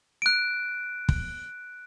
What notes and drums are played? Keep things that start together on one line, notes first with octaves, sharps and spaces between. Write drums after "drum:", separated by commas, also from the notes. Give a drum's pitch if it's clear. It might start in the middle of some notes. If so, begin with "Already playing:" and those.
F#6 D7
drum: kick